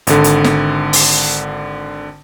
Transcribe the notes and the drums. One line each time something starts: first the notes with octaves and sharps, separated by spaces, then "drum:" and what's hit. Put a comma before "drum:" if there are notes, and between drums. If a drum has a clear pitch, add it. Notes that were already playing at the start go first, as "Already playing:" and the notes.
G#1 D3, drum: hi-hat
drum: hi-hat
drum: snare
drum: open hi-hat